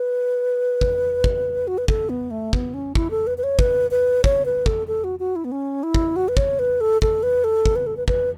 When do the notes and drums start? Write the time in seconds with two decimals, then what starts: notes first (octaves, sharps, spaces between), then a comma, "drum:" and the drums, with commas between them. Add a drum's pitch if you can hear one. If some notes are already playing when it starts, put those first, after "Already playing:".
Already playing: B4
0.81 drum: kick
1.24 drum: kick
1.67 F#4
1.78 B4
1.88 A4, drum: kick
2.09 B3
2.31 A3
2.53 B3, drum: kick
2.74 C#4
2.95 E4, drum: kick
3.11 A4
3.27 B4
3.38 B4
3.44 C#5
3.59 B4, drum: kick
3.91 B4
4.24 C#5, drum: kick
4.45 B4
4.66 A4, drum: kick
4.87 A4
5.04 F#4
5.19 F#4
5.36 E4
5.45 B3
5.52 C#4
5.83 E4
5.94 drum: kick
6.16 F#4
6.28 B4
6.37 C#5, drum: kick
6.59 B4
6.81 A4
7.02 A4, drum: kick
7.23 B4
7.44 A4
7.66 drum: kick
7.76 B4
7.87 A4
7.97 B4
8.08 B4, drum: kick